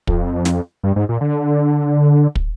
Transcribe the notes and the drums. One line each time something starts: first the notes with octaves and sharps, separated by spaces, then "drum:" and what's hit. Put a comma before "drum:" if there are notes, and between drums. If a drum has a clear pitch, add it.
F2, drum: kick
drum: snare
G2
G#2
A#2
D3
drum: kick